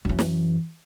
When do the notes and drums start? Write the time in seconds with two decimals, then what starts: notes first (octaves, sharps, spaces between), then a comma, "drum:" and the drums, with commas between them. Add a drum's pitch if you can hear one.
0.05 F#2 E3
0.19 drum: snare